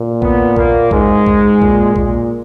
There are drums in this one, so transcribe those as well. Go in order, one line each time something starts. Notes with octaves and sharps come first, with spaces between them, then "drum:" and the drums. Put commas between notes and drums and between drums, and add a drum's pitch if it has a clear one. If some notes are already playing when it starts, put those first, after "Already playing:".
Already playing: A#2
B3, drum: kick A#1
A#3, drum: kick A#1
G#2 G#3, drum: kick A#1
drum: kick A#1
A#2, drum: kick A#1
A#2, drum: kick A#1